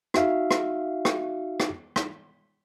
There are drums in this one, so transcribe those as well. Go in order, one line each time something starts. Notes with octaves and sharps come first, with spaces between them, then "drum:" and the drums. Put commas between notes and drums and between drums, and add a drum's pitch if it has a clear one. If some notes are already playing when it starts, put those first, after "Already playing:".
D#4 F#4 E5 F5, drum: rim click
drum: rim click
drum: rim click
drum: rim click
drum: rim click